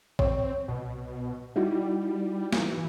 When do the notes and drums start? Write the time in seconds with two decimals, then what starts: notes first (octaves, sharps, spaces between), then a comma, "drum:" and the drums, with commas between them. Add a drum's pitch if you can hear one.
0.19 C4 C#5, drum: kick
0.68 C2 B2
1.56 G3 D#4 E4 F#4
2.53 E3, drum: snare